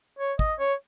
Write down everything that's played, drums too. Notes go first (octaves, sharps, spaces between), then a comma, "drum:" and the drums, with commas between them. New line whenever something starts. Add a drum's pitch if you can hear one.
C#5
D#5, drum: kick
C#5